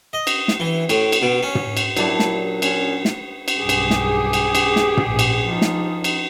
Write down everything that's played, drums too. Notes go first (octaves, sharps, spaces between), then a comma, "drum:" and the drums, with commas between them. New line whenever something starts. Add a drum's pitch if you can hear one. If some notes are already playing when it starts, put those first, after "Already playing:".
D#5
drum: cymbal
drum: snare
E3
A2, drum: cymbal
drum: cymbal
B2
C#4
drum: tom
drum: cymbal
A#2 F#3 D4 E4 G4, drum: cymbal
drum: snare
C#4, drum: cymbal
drum: snare
drum: cymbal
B1 G2 G4 G#4
drum: cymbal
drum: snare
drum: cymbal
drum: cymbal
drum: snare
drum: tom
A#1
drum: cymbal
F3 D#4
drum: snare
drum: cymbal